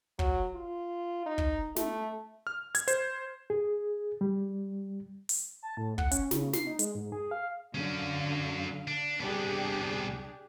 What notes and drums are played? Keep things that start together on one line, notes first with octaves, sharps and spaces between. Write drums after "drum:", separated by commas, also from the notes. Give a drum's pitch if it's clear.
F#3, drum: kick
F4
D#4
drum: kick
A3, drum: snare
F6
G#6, drum: hi-hat
C5, drum: hi-hat
G#4
G3
drum: open hi-hat
A5
A2
F#5, drum: kick
C#4, drum: hi-hat
C#3, drum: snare
C7, drum: snare
D#4
G#3, drum: hi-hat
G#2
G#4
F5
D3 F#3 C#4 F5
D4
C2 B3 D4 G4 G#4